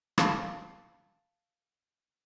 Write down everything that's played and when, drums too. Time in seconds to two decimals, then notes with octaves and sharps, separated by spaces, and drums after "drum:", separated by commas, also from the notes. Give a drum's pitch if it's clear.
0.18 F5 A5 A6, drum: rim click